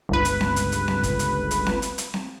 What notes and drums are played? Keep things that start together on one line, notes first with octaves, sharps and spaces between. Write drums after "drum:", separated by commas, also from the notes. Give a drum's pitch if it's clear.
G1 C#2 B4
drum: hi-hat
drum: snare C4
drum: hi-hat
drum: hi-hat
drum: snare C4
drum: kick, hi-hat
drum: hi-hat
drum: hi-hat
drum: snare C4
drum: hi-hat
drum: hi-hat
drum: snare C4